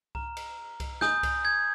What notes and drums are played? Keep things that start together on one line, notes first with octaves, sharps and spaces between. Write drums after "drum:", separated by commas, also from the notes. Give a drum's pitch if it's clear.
A#5 F6, drum: kick C2
drum: cymbal
drum: kick C2, cymbal
G#5 D#6 G6, drum: snare
drum: kick C2, cymbal
G#6